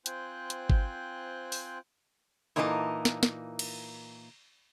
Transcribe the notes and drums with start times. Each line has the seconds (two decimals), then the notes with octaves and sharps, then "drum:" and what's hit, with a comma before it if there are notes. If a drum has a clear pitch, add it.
0.06 C4 F4 C5 G5 G#5 F#6, drum: hi-hat
0.50 drum: hi-hat
0.70 drum: kick G#1
1.52 drum: open hi-hat
2.56 A#2 E3 A#3 D#4 C5 A5
3.05 drum: snare
3.23 drum: snare
3.59 drum: cymbal